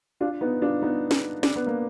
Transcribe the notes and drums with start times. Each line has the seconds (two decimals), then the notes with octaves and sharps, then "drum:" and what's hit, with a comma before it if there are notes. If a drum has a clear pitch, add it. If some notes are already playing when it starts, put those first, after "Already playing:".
0.21 D4 F4
0.41 B3 D#4
0.62 D4 F4
0.82 B3 D#4
1.11 drum: snare
1.43 D4, drum: snare
1.56 B3
1.67 A#3